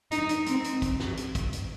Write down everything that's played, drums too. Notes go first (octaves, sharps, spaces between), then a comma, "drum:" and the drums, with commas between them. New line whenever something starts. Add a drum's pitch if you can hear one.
D#4, drum: hi-hat
drum: hi-hat
C4, drum: hi-hat
drum: hi-hat
drum: kick, hi-hat
drum: snare
drum: hi-hat
drum: kick, hi-hat
drum: hi-hat